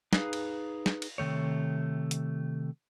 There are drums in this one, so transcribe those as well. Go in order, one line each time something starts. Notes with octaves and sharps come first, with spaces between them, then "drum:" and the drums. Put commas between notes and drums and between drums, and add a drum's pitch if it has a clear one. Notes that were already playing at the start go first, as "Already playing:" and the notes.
D#4 G#4 B4 F5, drum: snare
drum: cymbal
drum: snare
drum: cymbal
C3 D#3 A3 C#5
drum: hi-hat